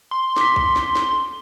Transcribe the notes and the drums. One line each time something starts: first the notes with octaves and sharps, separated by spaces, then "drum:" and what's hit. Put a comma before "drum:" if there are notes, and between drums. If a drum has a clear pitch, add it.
C6
D6 B6, drum: snare
drum: kick
drum: snare
drum: snare